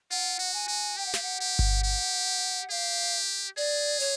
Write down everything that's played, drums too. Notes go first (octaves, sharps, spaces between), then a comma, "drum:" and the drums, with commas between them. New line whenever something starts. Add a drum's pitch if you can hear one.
F4 F#5
F#4
G#5
F#4
G4 G5
F#5
F5, drum: snare
F#5
G4
drum: kick G1
G4
G4 F5
G#4 D5
C#5, drum: open hi-hat